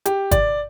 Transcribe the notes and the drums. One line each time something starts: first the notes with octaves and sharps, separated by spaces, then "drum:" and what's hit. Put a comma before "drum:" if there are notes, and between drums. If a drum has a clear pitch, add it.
G4, drum: hi-hat
D5, drum: kick, hi-hat